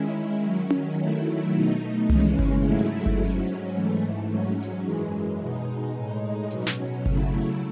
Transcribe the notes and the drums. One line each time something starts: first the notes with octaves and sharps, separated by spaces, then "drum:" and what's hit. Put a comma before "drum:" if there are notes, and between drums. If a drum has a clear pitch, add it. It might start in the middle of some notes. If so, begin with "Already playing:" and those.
Already playing: D#3 G#3 C#4 E4
D#3 F#3 C#4
drum: tom C#4
D#3 F#3 A3 E4
B2 A3 D#4
D#2 C#3 E3 G#3 C#4, drum: tom C2
drum: kick G1
G#2 F#3 A3 E4
drum: kick G1
G#2 F#3 C#4
G#2 E3 A3
G#2 F#3 C#4
drum: hi-hat
F#2 E3 G#3
B2 G#3 D#4
A2 G#3 D#4
B2 F#3 C#4, drum: hi-hat
drum: snare
C#3 F#3 A3 E4, drum: kick G1